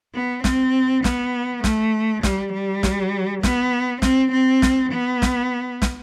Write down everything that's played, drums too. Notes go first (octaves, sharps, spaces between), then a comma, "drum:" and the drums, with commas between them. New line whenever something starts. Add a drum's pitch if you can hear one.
B3
C4, drum: snare
B3, drum: snare
A3, drum: snare
G3, drum: snare
G3
drum: snare
B3, drum: snare
C4, drum: snare
C4
drum: snare
B3
drum: snare
drum: snare